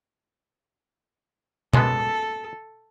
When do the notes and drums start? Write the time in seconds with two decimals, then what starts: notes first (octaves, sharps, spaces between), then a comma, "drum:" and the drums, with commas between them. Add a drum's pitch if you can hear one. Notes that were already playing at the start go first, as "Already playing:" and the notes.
1.73 F#2 G#3 B3 A4, drum: tom B2